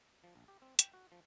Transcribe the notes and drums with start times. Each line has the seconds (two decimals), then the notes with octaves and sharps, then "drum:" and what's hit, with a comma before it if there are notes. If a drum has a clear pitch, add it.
0.24 F3
0.36 A#1
0.48 G4
0.62 C4
0.79 G5, drum: hi-hat
0.93 F#4
1.12 F3